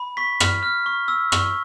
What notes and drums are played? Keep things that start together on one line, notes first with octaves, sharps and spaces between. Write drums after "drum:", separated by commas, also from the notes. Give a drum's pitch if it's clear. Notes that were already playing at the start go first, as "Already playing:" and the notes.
Already playing: B5
C#6 B6
F6, drum: rim click
F6
C#6
E6
C#6, drum: rim click